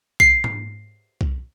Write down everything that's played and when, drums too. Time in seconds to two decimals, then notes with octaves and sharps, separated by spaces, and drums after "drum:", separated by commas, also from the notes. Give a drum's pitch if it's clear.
0.20 C7, drum: kick
0.44 drum: tom G#2
1.21 drum: kick